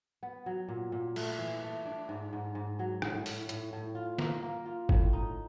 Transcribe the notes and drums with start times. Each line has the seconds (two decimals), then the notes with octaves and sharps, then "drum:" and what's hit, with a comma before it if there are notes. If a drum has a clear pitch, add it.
0.23 B3
0.46 F#3
0.68 A#2
0.92 A#2
1.16 A3, drum: cymbal
1.39 E3
1.63 A3
1.85 D4
2.09 G#2
2.33 G#2
2.55 G#2
2.79 F#3
3.02 A2, drum: rim click
3.26 A2, drum: open hi-hat
3.49 A2, drum: hi-hat
3.73 A2
3.95 F4
4.19 A#3, drum: snare
4.43 A#3
4.65 F4
4.89 A2, drum: kick
5.13 D#4